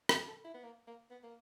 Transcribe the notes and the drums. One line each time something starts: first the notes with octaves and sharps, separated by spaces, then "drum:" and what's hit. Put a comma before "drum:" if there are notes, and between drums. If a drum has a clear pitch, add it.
A#4, drum: rim click
A4
E4
B3
A#3
A#3
B3
A#3